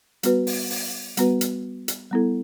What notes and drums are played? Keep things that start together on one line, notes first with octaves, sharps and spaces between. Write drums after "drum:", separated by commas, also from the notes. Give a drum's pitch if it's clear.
G3 B3 F#4 B4, drum: hi-hat
drum: open hi-hat
drum: open hi-hat
G3 B3 F#4 B4, drum: hi-hat
drum: hi-hat
drum: hi-hat
G3 B3 E4 A4